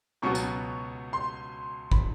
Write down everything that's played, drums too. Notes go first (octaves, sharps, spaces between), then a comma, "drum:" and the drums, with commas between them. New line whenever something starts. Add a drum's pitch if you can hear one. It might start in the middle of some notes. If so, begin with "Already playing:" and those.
C#2 B2 F#3 B3 C#6
drum: tambourine
C6
B5, drum: kick